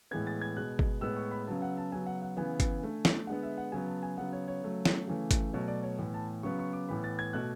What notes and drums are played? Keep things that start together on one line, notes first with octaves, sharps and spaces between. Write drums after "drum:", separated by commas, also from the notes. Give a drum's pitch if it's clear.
A2 E3 G#3 B3 G#6
A6
G#6
B2 G#3 B3 F#6
drum: kick G1
A2 G#3 B3 E6
C#6
B5
C#3 F#3 B3 A5
F#5
A5
C#3 F#3 B3 G#5
F#5
F#5
C#3 E3 B3 G#5
drum: kick G1, hi-hat
D3 A3
drum: snare
D3 G#3 B3 F#5
E5
F#5
C#3 F#3 B3 G#5
A5
G#5
C#3 F#3 B3 F#5
C#5
C#5
C#3 F#3 A3
drum: snare
C#3 E3 A3
drum: kick G1, hi-hat
B2 F#3 A3 C#5
D5
C#5
A2 E3 B3
A5
C#3 F#3 B3 C#6
C#6
D6
A2 E3 B3 B5
A6
G#6
B2 A3 F#6